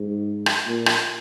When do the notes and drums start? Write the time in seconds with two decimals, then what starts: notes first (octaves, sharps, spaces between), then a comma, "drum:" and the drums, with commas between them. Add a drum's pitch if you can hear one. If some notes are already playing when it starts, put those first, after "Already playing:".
Already playing: G#2
0.46 drum: rim click
0.66 A#2
0.86 drum: rim click